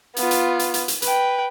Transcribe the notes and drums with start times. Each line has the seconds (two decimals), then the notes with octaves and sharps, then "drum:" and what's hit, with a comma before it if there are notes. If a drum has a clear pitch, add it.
0.16 B3 F4, drum: hi-hat
0.31 drum: hi-hat
0.59 drum: hi-hat
0.74 drum: hi-hat
0.88 drum: hi-hat
1.02 B4 G5, drum: hi-hat